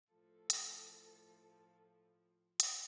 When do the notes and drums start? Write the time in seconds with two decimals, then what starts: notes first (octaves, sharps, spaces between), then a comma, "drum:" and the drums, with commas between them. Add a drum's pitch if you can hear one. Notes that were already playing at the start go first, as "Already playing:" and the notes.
0.11 A2 F3 A4
0.50 drum: hi-hat
2.60 drum: hi-hat